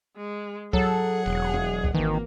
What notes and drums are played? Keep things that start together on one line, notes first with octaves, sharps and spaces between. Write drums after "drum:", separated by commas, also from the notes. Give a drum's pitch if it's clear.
G#3
F#3 G#4 A4 F#5, drum: kick
E1
drum: tom E2
drum: kick
G#1 D#3 E3 A#3